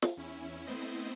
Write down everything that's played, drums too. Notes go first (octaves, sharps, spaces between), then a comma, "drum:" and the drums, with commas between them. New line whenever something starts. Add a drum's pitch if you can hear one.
drum: snare
E2 C#4 E4
A3 B3 C4 E4 C5 D#5